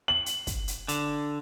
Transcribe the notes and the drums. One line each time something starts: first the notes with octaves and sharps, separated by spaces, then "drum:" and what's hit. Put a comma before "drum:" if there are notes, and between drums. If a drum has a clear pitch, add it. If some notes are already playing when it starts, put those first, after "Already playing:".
F#7
drum: hi-hat
drum: kick, hi-hat
drum: hi-hat
D3, drum: hi-hat